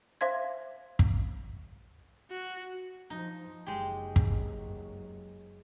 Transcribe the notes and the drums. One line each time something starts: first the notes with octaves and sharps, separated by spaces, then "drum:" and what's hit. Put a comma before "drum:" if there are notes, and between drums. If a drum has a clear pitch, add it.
C5 E5 F5 C6 G#6
drum: kick
F#4
F3 D#4
F#1 F#3 G#3 G4
drum: kick